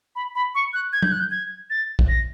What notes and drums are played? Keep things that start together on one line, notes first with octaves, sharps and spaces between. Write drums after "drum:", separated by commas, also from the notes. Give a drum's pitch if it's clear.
B5
B5
C#6
F#6
G#6
G6, drum: tom
F#6
G6
G#6
A6
drum: kick A#1
A#6